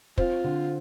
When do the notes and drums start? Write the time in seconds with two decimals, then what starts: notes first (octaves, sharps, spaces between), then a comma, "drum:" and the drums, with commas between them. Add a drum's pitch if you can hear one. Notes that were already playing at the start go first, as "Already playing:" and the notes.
0.18 C4 F4, drum: kick
0.44 D3